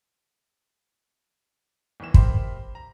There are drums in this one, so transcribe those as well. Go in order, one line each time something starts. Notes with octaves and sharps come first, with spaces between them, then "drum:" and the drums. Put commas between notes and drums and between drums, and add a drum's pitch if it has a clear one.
G1 D#3 E3 E7
G4 A#4 C5 E5 B5 C6, drum: kick
A#5